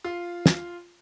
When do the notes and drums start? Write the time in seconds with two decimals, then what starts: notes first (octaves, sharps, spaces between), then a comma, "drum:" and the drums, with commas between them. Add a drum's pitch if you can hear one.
0.04 F4
0.46 drum: snare